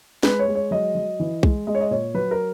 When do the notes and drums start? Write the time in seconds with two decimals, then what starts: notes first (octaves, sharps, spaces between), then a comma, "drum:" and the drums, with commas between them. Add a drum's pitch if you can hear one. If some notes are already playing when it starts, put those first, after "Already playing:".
0.23 G#3 B4, drum: snare
0.39 C#5
0.48 G#3
0.55 C#5
0.71 F#3 D#5
0.95 F#3
1.20 E3
1.43 G#3, drum: kick B1
1.67 G#3 D#5
1.75 C#5
1.81 D#5
1.91 A#2 C#5
2.14 F#3 B4
2.31 A#4